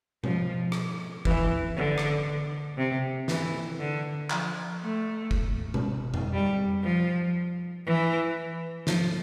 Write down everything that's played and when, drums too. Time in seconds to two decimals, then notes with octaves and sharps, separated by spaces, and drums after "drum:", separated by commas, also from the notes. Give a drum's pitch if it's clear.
0.24 F3, drum: tom B2
0.72 drum: rim click
1.25 E3, drum: kick F#1
1.76 D3
1.98 drum: rim click
2.78 C3
3.28 E3, drum: snare
3.79 D3
4.30 F3, drum: clap
4.80 A3
5.31 drum: kick F#1
5.74 drum: tom B2
6.14 drum: tom F2
6.33 G3
6.83 F3
7.85 E3
8.87 F3, drum: snare